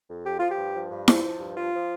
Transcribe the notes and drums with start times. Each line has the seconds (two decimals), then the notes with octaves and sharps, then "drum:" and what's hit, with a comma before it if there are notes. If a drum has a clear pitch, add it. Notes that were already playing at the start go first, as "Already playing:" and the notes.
0.10 F2
0.25 F3 G4
0.37 F3 F4
0.50 G4
0.58 G2
0.75 F3
0.91 G2
1.08 F3, drum: snare E4
1.24 F3
1.40 G2
1.56 F3 F4
1.73 F3